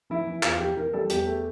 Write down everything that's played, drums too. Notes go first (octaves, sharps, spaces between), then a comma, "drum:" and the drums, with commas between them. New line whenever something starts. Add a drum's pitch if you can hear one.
E3 E4
E3
E2 F4, drum: clap
E3 G4
E3 A#4
G3 A4
E2 G4, drum: hi-hat
A3